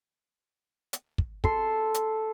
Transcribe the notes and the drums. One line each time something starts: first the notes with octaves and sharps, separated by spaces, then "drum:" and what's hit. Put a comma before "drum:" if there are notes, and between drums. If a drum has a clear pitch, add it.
drum: hi-hat
drum: kick
A4 C6, drum: kick
drum: hi-hat